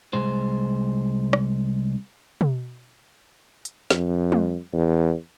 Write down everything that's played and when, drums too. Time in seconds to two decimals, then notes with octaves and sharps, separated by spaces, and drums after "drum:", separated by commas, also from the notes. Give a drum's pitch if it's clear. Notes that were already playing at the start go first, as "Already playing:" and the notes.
0.13 C2 G#3 C5
1.33 drum: rim click
2.41 drum: tom
3.65 drum: hi-hat
3.90 F2, drum: snare
4.32 drum: tom
4.73 E2